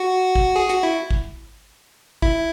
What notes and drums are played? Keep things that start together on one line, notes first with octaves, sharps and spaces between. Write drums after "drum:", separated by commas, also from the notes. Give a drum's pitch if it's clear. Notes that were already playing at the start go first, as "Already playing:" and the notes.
Already playing: F#4
drum: kick
G#4
F#4, drum: hi-hat
E4
drum: kick
E4, drum: kick